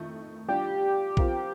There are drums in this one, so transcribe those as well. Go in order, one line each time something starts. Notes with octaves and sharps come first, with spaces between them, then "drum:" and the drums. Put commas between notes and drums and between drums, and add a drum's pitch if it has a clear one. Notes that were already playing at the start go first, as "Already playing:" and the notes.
Already playing: F2 D#3 A3
G3 D4 F4 G4
F3 C4 F4 A#4, drum: kick A#1